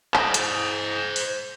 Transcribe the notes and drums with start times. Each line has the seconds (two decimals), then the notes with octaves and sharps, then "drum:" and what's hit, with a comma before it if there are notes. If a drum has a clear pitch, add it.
0.14 C5 D#5, drum: clap
0.34 drum: hi-hat
1.16 drum: open hi-hat